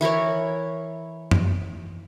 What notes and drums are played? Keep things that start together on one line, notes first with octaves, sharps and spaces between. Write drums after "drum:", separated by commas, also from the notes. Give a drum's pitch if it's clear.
E3 E4 A#4 C#5
drum: tom F#2